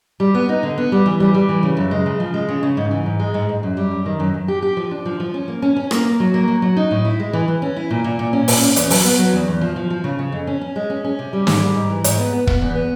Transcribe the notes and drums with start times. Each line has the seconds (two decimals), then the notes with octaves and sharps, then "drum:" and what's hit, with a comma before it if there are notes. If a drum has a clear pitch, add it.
0.20 G3
0.35 B3
0.49 D#4
0.63 D3
0.78 B3
0.92 G3
1.06 E3
1.20 G3
1.34 G3
1.49 E3
1.63 C#3
1.77 F#2
1.91 G#3
2.06 C#3
2.20 F3
2.34 G#3
2.49 C#3
2.63 C#3
2.77 G#2
2.91 E3
3.06 G#2
3.20 G#3
3.34 G#2
3.49 G#2
3.63 F#2
3.77 G3
3.91 F#2
4.06 D#3
4.20 F#2
4.34 F#2
4.48 G4
4.62 G4
4.77 F3
4.91 D4
5.06 F3
5.20 F3
5.34 C#4
5.48 A#3
5.62 C#4
5.76 C#4
5.91 A#3, drum: rim click
6.05 A#3
6.20 F#3
6.34 A#3
6.48 F#3
6.62 F#3
6.77 D#4
6.91 A2
7.05 E4
7.19 G#3
7.33 E3
7.48 E3
7.62 C#4
7.76 E4
7.91 A#2
8.04 A#2
8.19 A#2
8.33 C#4
8.48 A#2, drum: open hi-hat
8.62 C#4
8.76 E2, drum: hi-hat
8.90 F#3, drum: open hi-hat
9.05 B3
9.19 F#3
9.33 E2
9.48 E2
9.61 F3
9.76 F3
9.90 F3
10.04 C#3
10.19 C#3
10.32 F2
10.47 C#4
10.61 C#4
10.76 G#3
10.90 C#4
11.04 C#4
11.19 C3
11.33 G3
11.47 G#2, drum: snare
11.61 G3
11.75 G#2
11.90 E3
12.04 G#2, drum: hi-hat
12.18 B3
12.33 B3
12.47 B3, drum: kick
12.61 E2
12.75 B3